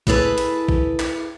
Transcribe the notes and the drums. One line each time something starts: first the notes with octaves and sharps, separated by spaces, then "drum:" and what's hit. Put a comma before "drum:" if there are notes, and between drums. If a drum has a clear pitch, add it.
E4 G#4 A4 B4, drum: kick A#1
drum: hi-hat
drum: kick A#1
drum: clap